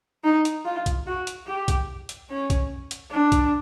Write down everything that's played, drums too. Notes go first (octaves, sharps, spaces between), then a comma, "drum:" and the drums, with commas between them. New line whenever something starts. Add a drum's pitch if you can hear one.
D#4
drum: hi-hat
F4
drum: kick B1, hi-hat
F#4
drum: hi-hat
G4
drum: kick B1, hi-hat
drum: hi-hat
C#4
drum: kick B1, hi-hat
drum: hi-hat
D4
drum: kick B1, hi-hat